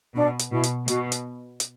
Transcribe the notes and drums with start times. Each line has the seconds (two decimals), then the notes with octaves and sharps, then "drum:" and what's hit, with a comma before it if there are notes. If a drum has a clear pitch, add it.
0.15 B2 D4
0.39 drum: hi-hat
0.51 B2 E4
0.63 drum: hi-hat
0.88 B2 F#4, drum: hi-hat
1.12 drum: hi-hat
1.60 drum: hi-hat